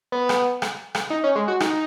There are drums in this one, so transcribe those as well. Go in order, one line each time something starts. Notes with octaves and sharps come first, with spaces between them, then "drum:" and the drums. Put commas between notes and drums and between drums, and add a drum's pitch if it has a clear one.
B3
drum: rim click
drum: rim click
drum: rim click
D#4
C#4
G#3
F#4
D#4, drum: rim click